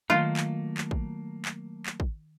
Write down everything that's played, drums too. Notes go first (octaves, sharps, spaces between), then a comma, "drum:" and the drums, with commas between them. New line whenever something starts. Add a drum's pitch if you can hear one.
D#3 F#3 A3 A#3 F4
drum: clap
drum: clap
drum: kick
drum: clap
drum: clap
drum: kick